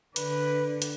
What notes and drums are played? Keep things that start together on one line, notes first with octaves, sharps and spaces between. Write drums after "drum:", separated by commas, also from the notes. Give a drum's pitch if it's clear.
D3 B4, drum: hi-hat
drum: hi-hat